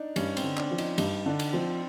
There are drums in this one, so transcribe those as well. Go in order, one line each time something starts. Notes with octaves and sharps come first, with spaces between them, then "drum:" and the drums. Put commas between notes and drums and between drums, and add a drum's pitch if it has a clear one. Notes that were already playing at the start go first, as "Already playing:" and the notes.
Already playing: D4 D#4
G2 C#4, drum: cymbal
C4, drum: cymbal
D3
D4, drum: clap
F3
D#4, drum: cymbal
G2 D#4, drum: cymbal
D3 D4
drum: cymbal
F3 C4